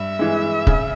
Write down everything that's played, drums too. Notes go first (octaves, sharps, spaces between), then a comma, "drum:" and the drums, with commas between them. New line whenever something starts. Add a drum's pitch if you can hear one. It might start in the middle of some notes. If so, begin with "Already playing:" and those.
Already playing: G2 E5
E3 G#3
C#3, drum: kick